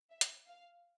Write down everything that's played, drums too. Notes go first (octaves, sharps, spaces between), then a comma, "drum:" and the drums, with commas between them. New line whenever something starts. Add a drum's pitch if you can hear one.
E5
drum: hi-hat
F5